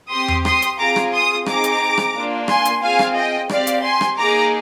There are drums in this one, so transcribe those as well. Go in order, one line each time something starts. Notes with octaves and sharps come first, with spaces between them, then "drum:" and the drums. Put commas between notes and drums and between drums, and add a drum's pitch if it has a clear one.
C4 G4 C6 D#6
drum: tom E2
C6 D#6, drum: rim click
drum: hi-hat
C4 F4 G#4 A#5 D6
drum: rim click
C6 D#6
C4 D#4 G#4 A#5 D6, drum: rim click
drum: hi-hat
drum: rim click
A#3 D4 F4
G#5 C6, drum: rim click
drum: hi-hat
C4 F4 G#4 F5 G#5
drum: rim click
D#5 G5
C4 G4 D5 F5, drum: rim click
drum: hi-hat
G#5 C6
drum: rim click
A#3 D#4 G#4 A#5 D6